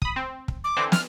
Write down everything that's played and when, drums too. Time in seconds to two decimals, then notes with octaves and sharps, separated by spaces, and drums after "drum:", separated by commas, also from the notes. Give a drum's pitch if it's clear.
0.02 B5 D#6, drum: kick
0.16 C4
0.48 drum: kick
0.64 D6
0.77 D3 E3 C4
0.92 F6, drum: snare